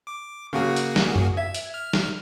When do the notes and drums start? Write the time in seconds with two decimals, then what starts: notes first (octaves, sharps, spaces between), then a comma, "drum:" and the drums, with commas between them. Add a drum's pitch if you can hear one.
0.07 D6
0.53 C#3 F#3 A#3 F#4 G#4
0.76 drum: hi-hat
0.96 drum: snare
1.15 drum: tom F#2
1.37 E5 G#6
1.54 drum: hi-hat
1.74 F6
1.93 drum: snare